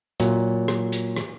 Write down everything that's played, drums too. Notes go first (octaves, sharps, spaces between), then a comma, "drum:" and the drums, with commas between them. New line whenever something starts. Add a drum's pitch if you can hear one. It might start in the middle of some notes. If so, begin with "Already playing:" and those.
A#2 F#3, drum: hi-hat
drum: rim click
drum: hi-hat
drum: rim click